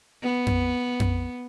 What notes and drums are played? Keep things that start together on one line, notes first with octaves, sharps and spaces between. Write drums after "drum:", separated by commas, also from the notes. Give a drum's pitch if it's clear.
B3
drum: tom F2
drum: tom F2